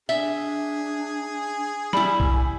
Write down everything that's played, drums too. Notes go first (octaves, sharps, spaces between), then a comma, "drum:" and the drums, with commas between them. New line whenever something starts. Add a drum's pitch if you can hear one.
D4 G#4 E5, drum: tambourine
G3 E4 G#5 B5, drum: snare
drum: kick B1